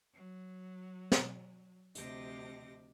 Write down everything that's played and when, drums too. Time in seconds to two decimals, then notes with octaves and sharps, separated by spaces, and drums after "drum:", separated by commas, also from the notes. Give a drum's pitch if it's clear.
0.12 F#3
1.12 drum: snare
1.95 D2 C3 F3 G4 D#5 A#6, drum: hi-hat